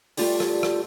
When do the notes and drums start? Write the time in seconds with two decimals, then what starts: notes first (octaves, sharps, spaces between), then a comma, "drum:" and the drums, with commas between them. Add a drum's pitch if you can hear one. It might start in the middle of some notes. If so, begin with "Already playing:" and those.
0.17 G3 A3 F4 G4 D5, drum: open hi-hat
0.40 drum: rim click
0.63 drum: rim click